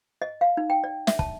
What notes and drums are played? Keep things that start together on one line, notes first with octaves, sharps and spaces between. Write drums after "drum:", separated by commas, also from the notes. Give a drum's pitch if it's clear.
D#5
F5
D#4
G5
D5
E5, drum: snare
A5, drum: kick